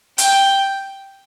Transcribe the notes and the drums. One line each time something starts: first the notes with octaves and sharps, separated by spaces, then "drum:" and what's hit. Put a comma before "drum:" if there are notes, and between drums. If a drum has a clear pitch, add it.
G5, drum: hi-hat